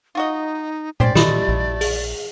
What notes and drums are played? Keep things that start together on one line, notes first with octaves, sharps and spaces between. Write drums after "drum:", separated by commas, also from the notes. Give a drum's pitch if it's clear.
D#4 F4 F#4 D#5
C#4 G4 C5 D5, drum: tom A#2
D#3 A3 G4 D#5 B5, drum: snare
A#1
G#4, drum: open hi-hat